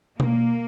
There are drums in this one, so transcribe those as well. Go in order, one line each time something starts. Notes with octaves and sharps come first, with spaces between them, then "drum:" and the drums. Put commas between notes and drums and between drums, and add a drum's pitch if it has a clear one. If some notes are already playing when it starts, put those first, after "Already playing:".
A#3, drum: tom B2